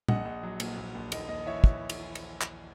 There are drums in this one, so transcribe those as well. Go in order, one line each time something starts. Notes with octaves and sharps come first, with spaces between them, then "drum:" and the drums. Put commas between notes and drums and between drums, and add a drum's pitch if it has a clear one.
A#1 D#5 F#5, drum: tom A#2
A#1
F#3
A#2, drum: cymbal
A#1
A#1
D#2 D#5, drum: cymbal
D#2 D#5
E3 C#5 E5
drum: kick
drum: cymbal
drum: cymbal
drum: clap